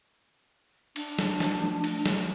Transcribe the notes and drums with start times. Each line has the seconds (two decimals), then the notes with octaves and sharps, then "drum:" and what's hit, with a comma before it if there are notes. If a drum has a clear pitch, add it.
0.96 D4, drum: cymbal
1.19 drum: snare
1.40 drum: snare
1.62 F3 A3
1.84 drum: cymbal
2.06 drum: snare